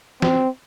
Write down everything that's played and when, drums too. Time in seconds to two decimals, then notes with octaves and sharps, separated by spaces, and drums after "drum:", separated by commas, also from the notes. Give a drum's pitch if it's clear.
0.22 C4, drum: snare